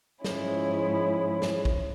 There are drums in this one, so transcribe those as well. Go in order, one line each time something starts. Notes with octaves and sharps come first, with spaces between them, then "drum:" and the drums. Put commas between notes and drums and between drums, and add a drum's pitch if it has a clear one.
G#2 F3 G#3 C#4 E4, drum: snare
drum: snare
drum: kick